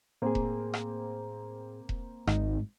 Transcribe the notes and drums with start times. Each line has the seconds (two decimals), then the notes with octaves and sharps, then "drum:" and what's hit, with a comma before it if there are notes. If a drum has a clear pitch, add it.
0.22 A2 A#3 C4 G#4
0.35 drum: kick E1
0.74 drum: rim click
1.89 drum: kick E1
2.27 G#1 G#2 D#4, drum: rim click